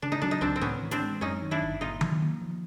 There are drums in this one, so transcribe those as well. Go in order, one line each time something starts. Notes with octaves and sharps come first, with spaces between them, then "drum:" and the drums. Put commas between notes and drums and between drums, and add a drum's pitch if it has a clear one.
C#3 D4
D#4
F#3 D4
D#4
C#2 C4 D4
C4
A2 B3 C#4
E3
C4 D4, drum: hi-hat
G#3
F#2 C#4 D#4
D#3
D4 E4
G1
A#2 D#4 F4
F#3, drum: tom D#3
A#3
F3